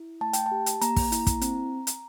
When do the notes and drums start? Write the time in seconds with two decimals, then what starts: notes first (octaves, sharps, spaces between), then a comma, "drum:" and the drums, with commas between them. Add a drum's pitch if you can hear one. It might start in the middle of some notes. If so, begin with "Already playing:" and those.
Already playing: E4
0.21 A3 A5
0.33 G5, drum: hi-hat
0.46 A5
0.51 G4
0.66 drum: hi-hat
0.81 A#3 A#5, drum: hi-hat
0.96 drum: kick, open hi-hat
1.12 E4, drum: hi-hat
1.27 drum: kick, hi-hat
1.41 C4, drum: hi-hat
1.87 drum: hi-hat